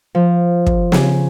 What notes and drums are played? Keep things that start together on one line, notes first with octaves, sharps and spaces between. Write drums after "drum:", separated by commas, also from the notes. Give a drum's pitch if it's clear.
F3
drum: kick
C#3, drum: snare